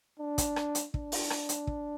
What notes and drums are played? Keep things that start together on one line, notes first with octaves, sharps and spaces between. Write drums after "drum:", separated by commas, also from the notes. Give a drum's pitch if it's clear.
D4
drum: kick, hi-hat
drum: rim click
drum: hi-hat
D4, drum: kick
drum: open hi-hat
drum: rim click
drum: hi-hat
drum: kick